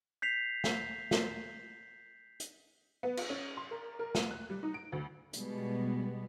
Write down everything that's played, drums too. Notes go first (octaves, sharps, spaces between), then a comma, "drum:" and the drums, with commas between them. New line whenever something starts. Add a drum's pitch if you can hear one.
G6 B6 C7 F7
drum: snare
drum: snare
drum: hi-hat
B3
F4, drum: cymbal
C#4
C6
A#4
A#4
D#7, drum: snare
F#6
G3
D#4
D7
D2
B2 G3 G#3 B3, drum: hi-hat